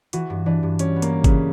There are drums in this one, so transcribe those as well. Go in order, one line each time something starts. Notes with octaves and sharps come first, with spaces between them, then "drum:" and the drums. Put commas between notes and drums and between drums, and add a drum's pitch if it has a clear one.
E3 F#4, drum: hi-hat
G2
E3 D4
G2
G3 C#4, drum: hi-hat
B3
A#3, drum: hi-hat
G3
C#3 E3, drum: kick, hi-hat